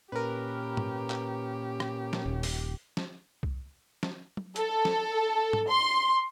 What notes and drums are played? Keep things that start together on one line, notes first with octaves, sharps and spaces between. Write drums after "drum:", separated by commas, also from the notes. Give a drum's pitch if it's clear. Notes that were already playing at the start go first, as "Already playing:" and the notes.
A#2 C#4 G4 A#4 B4
drum: tom
drum: clap
drum: rim click
drum: snare
D#1
drum: open hi-hat
drum: snare
drum: kick C2
drum: snare
drum: tom
A4, drum: hi-hat
drum: snare
drum: tom
C6